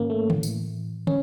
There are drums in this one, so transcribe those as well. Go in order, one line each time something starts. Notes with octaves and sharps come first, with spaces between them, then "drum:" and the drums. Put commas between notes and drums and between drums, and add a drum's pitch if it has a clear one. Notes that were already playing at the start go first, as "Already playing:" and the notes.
Already playing: G#2 D#3 A#3 C#4
A3
A2 E3, drum: tom D3
drum: tambourine
C#4, drum: tom